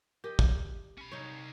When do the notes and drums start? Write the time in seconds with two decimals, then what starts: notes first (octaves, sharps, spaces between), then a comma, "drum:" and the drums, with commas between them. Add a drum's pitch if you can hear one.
0.24 G4 A#4 D#5
0.39 drum: kick
0.98 C#4 B5
1.11 C2 D#4 C#5